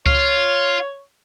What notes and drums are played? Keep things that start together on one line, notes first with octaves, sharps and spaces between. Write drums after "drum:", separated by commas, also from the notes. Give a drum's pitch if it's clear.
F4 C#5, drum: kick C#2